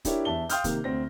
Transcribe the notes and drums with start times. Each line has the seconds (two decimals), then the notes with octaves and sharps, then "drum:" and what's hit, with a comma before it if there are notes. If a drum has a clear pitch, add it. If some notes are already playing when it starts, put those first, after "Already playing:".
0.05 D4 E4 G4 A#4 C#5 E5, drum: kick, hi-hat
0.25 E2 E5 A5 G7
0.49 F5 G5 C6 D#6 F6 G6, drum: hi-hat
0.64 C3 D#3 A#3, drum: kick, hi-hat
0.84 D2 C4 A#6